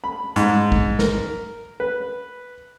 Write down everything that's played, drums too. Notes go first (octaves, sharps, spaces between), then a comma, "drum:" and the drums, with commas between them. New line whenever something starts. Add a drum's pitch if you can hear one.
B5
G#2, drum: hi-hat
drum: kick
A#4, drum: snare
B4